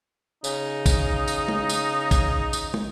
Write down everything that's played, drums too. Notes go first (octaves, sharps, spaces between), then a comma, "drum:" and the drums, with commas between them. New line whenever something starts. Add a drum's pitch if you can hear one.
C#3 D#4, drum: tambourine
drum: kick A1, tambourine
drum: tambourine
drum: tom
drum: tambourine
drum: kick A1, tambourine
drum: tambourine
drum: tom